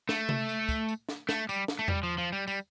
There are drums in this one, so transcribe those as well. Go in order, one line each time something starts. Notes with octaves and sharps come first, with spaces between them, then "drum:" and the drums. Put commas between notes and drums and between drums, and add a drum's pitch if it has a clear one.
A3, drum: snare
drum: tom C3
drum: tambourine
drum: kick, tambourine
drum: tambourine
drum: snare
A3, drum: snare
G3, drum: tambourine
drum: snare
A3
G3, drum: tom E2
F3
F3
G3
G3, drum: tambourine